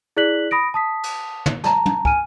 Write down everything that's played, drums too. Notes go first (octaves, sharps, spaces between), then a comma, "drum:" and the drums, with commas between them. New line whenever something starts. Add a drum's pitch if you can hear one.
E4 G#4 D5 F#6 B6 F#7
B5 D#6 A#6 D7
A5 D#6 B6
drum: cymbal
drum: tom
A5 A#5, drum: snare
drum: tom
G#5 F6 D#7, drum: kick